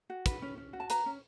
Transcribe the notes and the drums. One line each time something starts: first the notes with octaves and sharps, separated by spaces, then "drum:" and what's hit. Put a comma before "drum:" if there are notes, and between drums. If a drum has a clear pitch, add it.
F#4
B4, drum: kick, hi-hat
C#4
C#4
F#4
A5
B4 A#5, drum: hi-hat
C#4